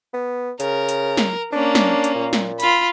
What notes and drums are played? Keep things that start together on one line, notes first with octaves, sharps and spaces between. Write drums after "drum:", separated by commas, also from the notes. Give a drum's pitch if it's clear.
B3
C#3 A#4, drum: hi-hat
drum: hi-hat
drum: snare
A#3 C#4 D4
drum: snare
drum: hi-hat
A#2
drum: snare
F4 B5, drum: hi-hat